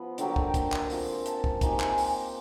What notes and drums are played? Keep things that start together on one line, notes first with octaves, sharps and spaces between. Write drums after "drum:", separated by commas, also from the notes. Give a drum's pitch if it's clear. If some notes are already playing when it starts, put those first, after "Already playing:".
Already playing: F3 B3
D3 F#3 A#3 G5, drum: hi-hat
drum: kick
drum: kick, hi-hat
drum: clap
C4 F4 G#4, drum: open hi-hat
A5, drum: hi-hat
drum: kick
A#3 D#4 G4 G#5, drum: kick, hi-hat
drum: clap
drum: open hi-hat